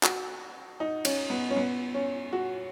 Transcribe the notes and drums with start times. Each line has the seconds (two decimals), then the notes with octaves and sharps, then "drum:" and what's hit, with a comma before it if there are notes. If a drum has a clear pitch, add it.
0.03 F#4, drum: clap
0.80 D#4
1.05 C#4, drum: cymbal
1.30 B3
1.50 C#4
1.57 B3
1.94 C#4
2.33 F#4